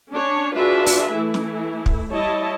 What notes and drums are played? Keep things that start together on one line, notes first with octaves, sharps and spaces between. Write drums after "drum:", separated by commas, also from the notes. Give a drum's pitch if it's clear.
C#4 D4 C#5
D4 F4 F#4 G#4 B4 E5
drum: open hi-hat
E3 A3 E4
drum: snare
drum: kick
G3 E4 C#5 D#5 A5